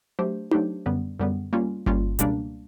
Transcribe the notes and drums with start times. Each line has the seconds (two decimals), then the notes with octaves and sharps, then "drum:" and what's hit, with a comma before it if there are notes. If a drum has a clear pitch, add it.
0.19 F#3 A3 D4 G4 C5
0.51 F#3 A3 D4 G4 C5, drum: tom D#4
0.86 F#2 D3 G3 B3
1.19 F#2 D3 G3 B3
1.53 G3 A#3 C#4 F4
1.86 G3 A#3 C#4 F4, drum: kick G1
2.19 C#2 B2 G3 A#3 D4, drum: hi-hat